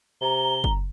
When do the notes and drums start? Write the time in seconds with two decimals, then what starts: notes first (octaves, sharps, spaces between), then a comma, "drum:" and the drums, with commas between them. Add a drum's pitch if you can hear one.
0.21 C3 A#5 G7
0.64 drum: kick F#1